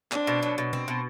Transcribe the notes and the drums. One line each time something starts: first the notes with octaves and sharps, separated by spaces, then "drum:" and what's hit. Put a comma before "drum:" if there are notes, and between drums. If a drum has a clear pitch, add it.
C4 D4, drum: clap
B2
F#3
B2
C4, drum: tom B2
B2